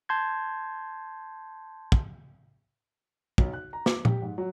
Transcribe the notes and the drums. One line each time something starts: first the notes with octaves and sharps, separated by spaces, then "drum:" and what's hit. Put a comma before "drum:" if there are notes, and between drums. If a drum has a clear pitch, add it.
A5 C6 G6 G#6
drum: kick
B1, drum: kick
F#6
A#5
D6, drum: snare
G4, drum: tom A#2
G#2
F#3